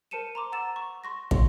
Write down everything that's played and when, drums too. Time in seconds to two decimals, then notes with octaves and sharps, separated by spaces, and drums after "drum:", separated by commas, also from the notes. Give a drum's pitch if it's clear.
0.11 A#4 C5 A5 C#7 D#7 E7
0.35 A#5 C6 D6
0.52 F#5 A#5 E6 A6 E7
0.76 C#6
1.04 C6 C#6 A#6
1.31 C#5 C6, drum: kick